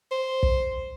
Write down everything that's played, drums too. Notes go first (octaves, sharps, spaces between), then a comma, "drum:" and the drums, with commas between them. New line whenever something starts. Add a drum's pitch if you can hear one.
C5
drum: kick